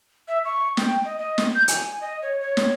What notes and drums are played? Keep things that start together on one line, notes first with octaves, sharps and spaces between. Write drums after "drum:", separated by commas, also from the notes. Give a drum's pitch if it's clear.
E5
C#6
G5, drum: snare
D#5
D#5
drum: snare
G6
G#5, drum: hi-hat
D#5
C#5
C#5
C#5, drum: snare